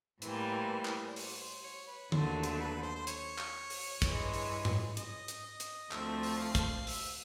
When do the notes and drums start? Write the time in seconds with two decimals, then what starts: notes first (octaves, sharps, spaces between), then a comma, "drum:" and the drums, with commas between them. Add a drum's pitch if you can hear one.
0.22 A2 E3 G3 A#3 C5, drum: hi-hat
0.85 drum: clap
1.07 D5
1.16 C#5, drum: open hi-hat
1.41 C5
1.64 C#5
1.88 B4
2.12 D#2 D3 F#3 A3 C5, drum: tom D3
2.43 drum: hi-hat
2.60 B4
2.82 C5
2.96 C5
3.07 C#5, drum: hi-hat
3.38 drum: clap
3.70 drum: open hi-hat
4.02 G2 E3 G#3, drum: kick, hi-hat
4.33 drum: open hi-hat
4.65 drum: tom G#2
4.97 D#5, drum: hi-hat
5.28 drum: hi-hat
5.45 D#5
5.60 drum: hi-hat
5.91 D2 D3 F3 A3 C4 E5, drum: clap
6.23 drum: open hi-hat
6.39 F5
6.55 drum: kick, hi-hat
6.87 E5, drum: open hi-hat